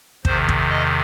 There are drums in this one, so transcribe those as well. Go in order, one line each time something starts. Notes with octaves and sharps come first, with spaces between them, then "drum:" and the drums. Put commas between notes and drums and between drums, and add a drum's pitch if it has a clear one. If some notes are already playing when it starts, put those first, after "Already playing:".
E2 C3 D#3 C5, drum: kick
drum: kick
D#5